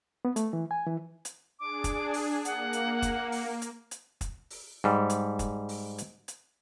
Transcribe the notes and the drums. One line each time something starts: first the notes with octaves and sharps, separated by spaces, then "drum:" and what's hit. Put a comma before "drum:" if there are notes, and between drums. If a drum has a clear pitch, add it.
B3
A3, drum: hi-hat
E3
G#5
E3
drum: hi-hat
D4 G#4 D6
drum: kick, hi-hat
drum: open hi-hat
A#3 F#5, drum: hi-hat
drum: hi-hat
drum: kick, hi-hat
drum: open hi-hat
drum: hi-hat
drum: hi-hat
drum: kick, hi-hat
drum: open hi-hat
G#2 G3
drum: hi-hat
drum: kick, hi-hat
drum: open hi-hat
drum: hi-hat
drum: hi-hat